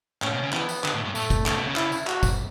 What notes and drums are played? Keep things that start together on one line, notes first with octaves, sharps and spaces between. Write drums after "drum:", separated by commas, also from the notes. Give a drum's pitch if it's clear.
A2 C#4, drum: clap
B2
C#3
E3 B3, drum: clap
drum: tambourine
D3, drum: clap
A2
G2
A2 A3, drum: tambourine
drum: kick G1, tambourine
C#3, drum: clap
B2
C#3
E4, drum: clap
drum: tambourine
F#4, drum: clap
drum: kick G1, tambourine